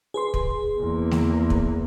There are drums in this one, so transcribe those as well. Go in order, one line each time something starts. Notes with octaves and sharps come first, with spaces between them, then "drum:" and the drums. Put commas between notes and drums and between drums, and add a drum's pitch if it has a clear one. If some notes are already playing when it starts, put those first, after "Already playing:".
G#4 B4 C6
drum: kick
E2 A#3
drum: snare A3
drum: kick